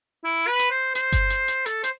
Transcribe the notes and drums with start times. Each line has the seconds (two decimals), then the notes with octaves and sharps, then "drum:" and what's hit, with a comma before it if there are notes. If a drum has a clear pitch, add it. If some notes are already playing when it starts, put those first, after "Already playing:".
0.24 E4
0.47 B4
0.59 drum: hi-hat
0.70 C5
0.95 C5, drum: hi-hat
1.12 drum: kick G1, hi-hat
1.30 drum: hi-hat
1.48 drum: hi-hat
1.66 A4, drum: hi-hat
1.84 C5, drum: hi-hat